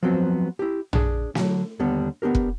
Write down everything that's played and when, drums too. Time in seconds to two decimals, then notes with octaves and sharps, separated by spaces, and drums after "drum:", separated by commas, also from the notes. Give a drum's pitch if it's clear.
0.03 F3 F#3 B3 C4 F#4
0.59 E4 G4
0.93 D4 G#4, drum: tom A#1
1.35 D3 F#3, drum: snare
1.79 D#2 D3 G3 B3
2.22 B3 D4 G4 A#4
2.35 drum: kick